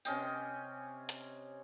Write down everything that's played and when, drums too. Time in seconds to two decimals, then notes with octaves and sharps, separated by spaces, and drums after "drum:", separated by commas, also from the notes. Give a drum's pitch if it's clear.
0.05 C3 C#4 D#5 G5, drum: tambourine
1.09 drum: hi-hat